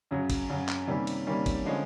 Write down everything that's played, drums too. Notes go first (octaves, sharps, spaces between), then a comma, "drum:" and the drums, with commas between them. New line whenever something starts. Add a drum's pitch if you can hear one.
F#2 C#3 F#3
drum: kick G#1, cymbal
F#2 C#3 F#3
drum: clap
C3 D#3 G3 A#3 C#4
drum: cymbal
C3 D#3 G3 A#3 C#4
drum: kick G#1, cymbal
D3 F3 G#3 C#4